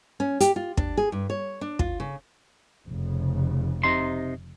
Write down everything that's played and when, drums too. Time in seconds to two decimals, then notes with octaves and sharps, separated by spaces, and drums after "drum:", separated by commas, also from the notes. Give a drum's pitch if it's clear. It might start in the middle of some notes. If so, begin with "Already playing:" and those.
0.20 C#4
0.40 G4, drum: hi-hat
0.56 F4
0.77 D4, drum: kick
0.97 G#4
1.12 G2
1.30 C#5
1.61 D4
1.79 F4, drum: kick
2.00 C#3
2.85 F1 C#3
3.84 C3 D#4 C6